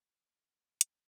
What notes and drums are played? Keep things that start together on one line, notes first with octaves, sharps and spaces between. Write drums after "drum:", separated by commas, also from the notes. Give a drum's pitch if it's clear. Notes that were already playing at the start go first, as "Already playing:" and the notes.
D#3 B3 C6 F6
A#3
B2 E3
E2, drum: hi-hat